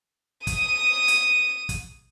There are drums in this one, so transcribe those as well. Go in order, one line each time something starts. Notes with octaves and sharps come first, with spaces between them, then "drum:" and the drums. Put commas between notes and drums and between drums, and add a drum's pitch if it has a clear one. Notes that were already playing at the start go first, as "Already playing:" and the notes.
D#6 D#7, drum: kick, hi-hat
drum: hi-hat
drum: kick, hi-hat